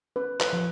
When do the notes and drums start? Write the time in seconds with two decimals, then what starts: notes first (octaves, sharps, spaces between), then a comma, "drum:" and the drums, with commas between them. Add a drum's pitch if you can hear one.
0.16 C#4 B4
0.40 B4, drum: clap
0.53 F3